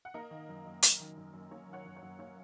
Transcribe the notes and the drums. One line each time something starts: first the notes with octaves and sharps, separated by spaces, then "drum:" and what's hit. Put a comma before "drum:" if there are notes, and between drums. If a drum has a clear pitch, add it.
F#5
A#3 A#4 D#5
D#3
F#2
F#2
A#3, drum: hi-hat
D#3
F#2
F#2
A#3 C#5
D#3
C#5 F#5
F#2
C#5
F#2
A#3 C#5